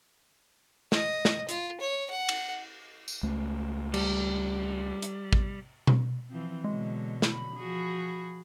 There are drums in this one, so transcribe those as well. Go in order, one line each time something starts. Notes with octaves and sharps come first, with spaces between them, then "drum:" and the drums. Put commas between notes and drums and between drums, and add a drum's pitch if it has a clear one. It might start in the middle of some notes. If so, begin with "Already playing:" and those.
D#5, drum: snare
drum: snare
F4, drum: hi-hat
C#5
F#5
drum: cymbal
drum: tambourine
C#2 A3
G3, drum: cymbal
drum: hi-hat
drum: kick
drum: tom B2
E3 F3 C4
B2 D3 F#3 G#3
B5, drum: snare
F3 F#4 G#4